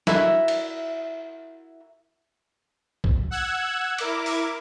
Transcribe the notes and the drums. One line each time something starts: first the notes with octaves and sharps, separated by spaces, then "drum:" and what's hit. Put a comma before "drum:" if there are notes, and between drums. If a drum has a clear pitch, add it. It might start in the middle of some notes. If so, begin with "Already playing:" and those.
E4 F#4 A#4 E5, drum: snare
drum: cymbal
drum: kick
F#5 E6 F#6 G#6
E4 A#4 D6, drum: cymbal
drum: open hi-hat